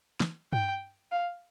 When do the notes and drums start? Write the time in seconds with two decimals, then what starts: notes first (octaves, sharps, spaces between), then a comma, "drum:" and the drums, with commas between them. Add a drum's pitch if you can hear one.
0.20 drum: snare
0.53 G5, drum: tom G2
1.12 F5